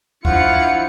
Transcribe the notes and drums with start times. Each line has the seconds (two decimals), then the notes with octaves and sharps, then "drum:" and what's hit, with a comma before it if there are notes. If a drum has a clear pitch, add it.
0.25 F3 D4 E4 F5 F#5 C#6 C#7, drum: kick C2